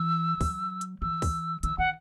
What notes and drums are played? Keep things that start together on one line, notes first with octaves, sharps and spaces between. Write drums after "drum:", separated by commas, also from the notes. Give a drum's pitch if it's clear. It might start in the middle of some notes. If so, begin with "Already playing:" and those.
Already playing: E3 E6
F#3, drum: kick, open hi-hat
drum: hi-hat
E3 E6
drum: kick, open hi-hat
D#3 E6, drum: hi-hat
D#3 F#5